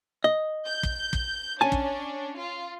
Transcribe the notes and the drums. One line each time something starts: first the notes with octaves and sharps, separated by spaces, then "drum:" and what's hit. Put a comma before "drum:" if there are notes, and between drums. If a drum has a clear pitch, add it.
D#5
G6
drum: kick
drum: kick
C#4 D4 G#5 A5
drum: kick
F4